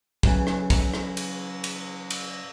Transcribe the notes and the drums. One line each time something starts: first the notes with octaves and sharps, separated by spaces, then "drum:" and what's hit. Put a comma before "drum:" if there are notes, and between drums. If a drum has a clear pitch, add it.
C#3 E3 F#3, drum: kick
drum: rim click
drum: kick, cymbal
drum: rim click
drum: cymbal
drum: cymbal
drum: cymbal